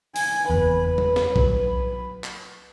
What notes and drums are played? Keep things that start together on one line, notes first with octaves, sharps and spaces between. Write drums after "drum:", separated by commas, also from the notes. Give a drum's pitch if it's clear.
G#5, drum: open hi-hat
F#1 E2 B4
drum: tom F#3
drum: snare
F#3, drum: kick A#1
drum: clap